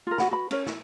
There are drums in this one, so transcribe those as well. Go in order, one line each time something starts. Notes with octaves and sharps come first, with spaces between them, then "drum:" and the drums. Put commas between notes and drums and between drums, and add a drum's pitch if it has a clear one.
F4 A#4
F#4 F#5 B5, drum: snare
F#4 B4 B5
C#4 A#4 C#5, drum: cymbal
E4, drum: snare